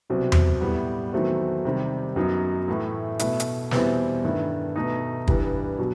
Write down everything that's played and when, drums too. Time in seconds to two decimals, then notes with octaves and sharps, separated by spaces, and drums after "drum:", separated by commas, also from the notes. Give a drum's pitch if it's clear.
0.10 C2 B2 F#3 C4
0.32 drum: tom E2
0.61 A2 G3 B3 E4
1.13 E2 D#3 F#3 A3 C4
1.65 C3 D#3 G3
2.16 F#2 F#3 B3 D#4
2.68 A2 E3 A3 E4
3.19 B2 A3 E4, drum: hi-hat
3.40 drum: hi-hat
3.71 E2 B2 G3 C4 E4, drum: snare
4.24 G2 D#3 A3 E4
4.76 B2 A3 D#4
5.28 G2 E3 G3, drum: kick
5.79 B2 F#3